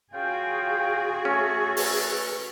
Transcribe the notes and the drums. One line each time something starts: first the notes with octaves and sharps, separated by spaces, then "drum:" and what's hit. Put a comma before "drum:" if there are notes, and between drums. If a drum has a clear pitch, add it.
C#4 F4 F#4 G#4 F5 G5
A3 C#4 A4
B4, drum: open hi-hat